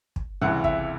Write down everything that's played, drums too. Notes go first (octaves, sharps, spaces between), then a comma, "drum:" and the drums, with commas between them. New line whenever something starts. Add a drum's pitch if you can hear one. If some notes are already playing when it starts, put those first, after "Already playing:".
drum: kick
C#2 C3 E3 F#5
E5, drum: kick